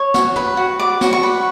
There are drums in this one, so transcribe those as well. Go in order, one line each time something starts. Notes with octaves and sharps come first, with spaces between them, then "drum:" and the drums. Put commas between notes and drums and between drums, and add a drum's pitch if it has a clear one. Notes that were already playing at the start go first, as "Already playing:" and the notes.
Already playing: C#5
F#4, drum: snare
B4, drum: tom
F#4
D5 D6
F#4, drum: snare
C#6
B4